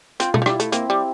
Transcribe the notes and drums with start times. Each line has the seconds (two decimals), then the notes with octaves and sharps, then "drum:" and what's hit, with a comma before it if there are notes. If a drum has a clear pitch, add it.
0.20 C4 F4, drum: hi-hat
0.34 A3, drum: tom
0.42 F3
0.46 G3 E4, drum: rim click
0.60 A3, drum: hi-hat
0.72 A#3 C4, drum: hi-hat
0.90 G3